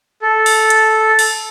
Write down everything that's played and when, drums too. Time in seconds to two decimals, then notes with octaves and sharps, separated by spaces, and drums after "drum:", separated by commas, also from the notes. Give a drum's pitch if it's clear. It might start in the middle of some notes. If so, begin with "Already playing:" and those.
0.22 A4
0.46 drum: open hi-hat
0.70 drum: hi-hat
1.19 drum: open hi-hat